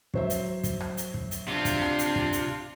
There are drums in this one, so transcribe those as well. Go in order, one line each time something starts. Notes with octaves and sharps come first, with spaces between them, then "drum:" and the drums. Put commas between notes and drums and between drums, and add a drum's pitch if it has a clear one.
F#3 C5 E5, drum: kick
drum: hi-hat
drum: kick, hi-hat
drum: rim click
drum: hi-hat
drum: kick
drum: hi-hat
C3 C4 D4 F4
drum: kick, hi-hat
drum: rim click
drum: hi-hat
drum: kick
drum: hi-hat